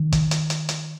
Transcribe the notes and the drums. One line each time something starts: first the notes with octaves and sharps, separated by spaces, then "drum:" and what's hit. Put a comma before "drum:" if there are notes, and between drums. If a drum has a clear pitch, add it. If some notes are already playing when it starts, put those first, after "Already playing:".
Already playing: D#3
drum: kick, hi-hat
drum: hi-hat
drum: hi-hat
drum: hi-hat